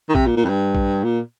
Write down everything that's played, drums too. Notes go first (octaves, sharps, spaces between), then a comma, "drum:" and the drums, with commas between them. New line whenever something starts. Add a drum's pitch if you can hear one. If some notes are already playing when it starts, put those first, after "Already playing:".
D#3
C3, drum: kick A#1
A#2
A#2
F2
G2
drum: kick A#1
A#2